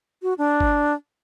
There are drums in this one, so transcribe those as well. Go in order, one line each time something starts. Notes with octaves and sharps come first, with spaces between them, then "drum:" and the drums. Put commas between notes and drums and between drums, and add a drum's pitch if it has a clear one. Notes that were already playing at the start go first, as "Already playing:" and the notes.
F#4
D4
drum: kick